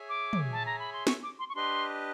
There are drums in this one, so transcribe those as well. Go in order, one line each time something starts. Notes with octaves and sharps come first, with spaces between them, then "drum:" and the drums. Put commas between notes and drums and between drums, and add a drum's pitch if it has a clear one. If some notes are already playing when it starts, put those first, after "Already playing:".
Already playing: G#4 C#5 E5 G#5
D6
drum: tom
A5
A#5
B5
C6
C#6, drum: snare
D6
C6
C#6
D4 G4 B4 D#5 C6